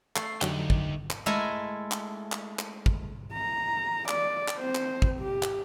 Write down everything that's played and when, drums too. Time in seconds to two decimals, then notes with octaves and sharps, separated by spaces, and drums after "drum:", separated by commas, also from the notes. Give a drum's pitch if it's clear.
0.16 A3 C7, drum: clap
0.42 F2 D3 F#3 D#4 G4, drum: clap
0.70 drum: kick
1.10 drum: clap
1.26 G#3 A3 E4 A#4 G#5
1.91 drum: clap
2.32 drum: clap
2.59 drum: clap
2.86 drum: kick
3.33 A#5
4.08 D5, drum: clap
4.48 drum: clap
4.58 C4 C5
4.75 drum: clap
5.02 drum: kick
5.20 G4
5.43 drum: clap